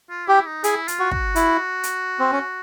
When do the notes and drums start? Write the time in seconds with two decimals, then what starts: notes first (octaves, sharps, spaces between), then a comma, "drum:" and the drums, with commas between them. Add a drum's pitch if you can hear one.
0.10 F4
0.27 E4 G4
0.46 D#4
0.64 E4 G#4, drum: hi-hat
0.88 F4, drum: hi-hat
1.00 F#4
1.11 F#4, drum: kick
1.36 E4, drum: hi-hat
1.83 drum: hi-hat
2.19 C4
2.32 C#4